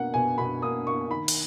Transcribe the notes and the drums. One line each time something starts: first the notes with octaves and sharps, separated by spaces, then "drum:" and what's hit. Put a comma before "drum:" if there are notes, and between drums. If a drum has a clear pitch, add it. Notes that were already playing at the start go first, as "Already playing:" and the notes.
Already playing: B2 A#3 F#5
B2 G#5
B2 B5
A#3 D#6
A#3 C#6
D#3 B5
drum: cymbal